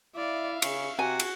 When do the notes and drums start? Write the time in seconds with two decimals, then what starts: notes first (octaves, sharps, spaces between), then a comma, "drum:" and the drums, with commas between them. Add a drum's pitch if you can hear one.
0.16 E4 D5 E5 F5
0.62 C#3 C#6, drum: cymbal
0.99 C3 F#4 G#5
1.20 drum: cymbal